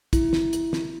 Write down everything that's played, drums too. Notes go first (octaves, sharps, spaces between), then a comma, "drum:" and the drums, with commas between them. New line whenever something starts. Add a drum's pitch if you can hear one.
E4, drum: kick, hi-hat
drum: snare
drum: hi-hat
drum: snare